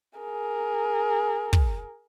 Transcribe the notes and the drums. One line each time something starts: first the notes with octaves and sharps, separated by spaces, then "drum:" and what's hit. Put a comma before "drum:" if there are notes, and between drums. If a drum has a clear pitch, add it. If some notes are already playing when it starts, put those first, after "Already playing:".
G#4 A#4
drum: kick